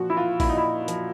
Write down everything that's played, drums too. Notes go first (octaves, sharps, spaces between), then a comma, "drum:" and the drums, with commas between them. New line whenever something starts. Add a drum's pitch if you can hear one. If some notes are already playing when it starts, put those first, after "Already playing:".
Already playing: A#2 F3 F#4
E4
F4
A#2 E4, drum: kick, open hi-hat
D#4
E4
F3, drum: hi-hat